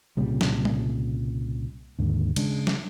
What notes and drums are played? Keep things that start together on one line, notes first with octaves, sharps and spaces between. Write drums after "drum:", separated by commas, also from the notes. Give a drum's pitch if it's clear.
C2 A#2 C#3 G3
drum: snare
drum: tom G3
D#2 G#2 D3
C#3 G#3 D4, drum: cymbal
drum: snare